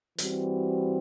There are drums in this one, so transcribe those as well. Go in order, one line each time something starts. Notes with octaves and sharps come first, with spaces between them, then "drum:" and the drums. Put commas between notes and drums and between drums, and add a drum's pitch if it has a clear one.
E3 G3 C4 F#4, drum: hi-hat